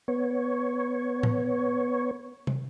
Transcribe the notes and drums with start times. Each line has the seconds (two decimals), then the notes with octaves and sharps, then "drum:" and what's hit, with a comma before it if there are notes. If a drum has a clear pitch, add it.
0.08 B3 C#5
1.23 drum: tom A2
2.47 drum: tom